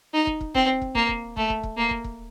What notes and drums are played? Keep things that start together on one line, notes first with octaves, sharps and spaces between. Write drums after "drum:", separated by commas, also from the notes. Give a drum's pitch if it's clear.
D#4
drum: kick
drum: kick
C4, drum: kick
drum: kick
A#3, drum: kick
drum: kick
A3, drum: kick
drum: kick
drum: kick
A#3
drum: kick
drum: kick